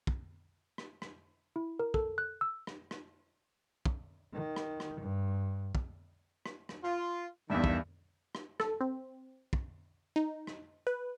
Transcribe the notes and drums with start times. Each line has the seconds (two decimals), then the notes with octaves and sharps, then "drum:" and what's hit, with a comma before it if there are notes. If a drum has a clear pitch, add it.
0.07 drum: kick
0.78 drum: rim click
1.02 drum: rim click
1.56 E4
1.79 A#4
1.94 A4, drum: kick
2.18 F#6
2.41 E6
2.67 drum: rim click
2.91 drum: rim click
3.86 drum: kick
4.33 D#3
4.56 drum: rim click
4.80 drum: rim click
5.00 G2
5.75 drum: kick
6.46 drum: rim click
6.69 drum: rim click
6.84 F4
7.50 E2 G2 D#3 E5
7.64 drum: kick
8.35 drum: rim click
8.60 A4, drum: rim click
8.81 C4
9.53 drum: kick
10.16 D#4
10.47 drum: rim click
10.87 B4